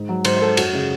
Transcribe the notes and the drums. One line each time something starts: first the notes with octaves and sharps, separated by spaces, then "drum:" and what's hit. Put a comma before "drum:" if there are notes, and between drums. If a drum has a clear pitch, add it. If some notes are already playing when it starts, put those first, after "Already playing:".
Already playing: G#2
F#3
G#2 C5, drum: cymbal
C5
F#3 A4
F#2 F#4, drum: cymbal
C#3 G#3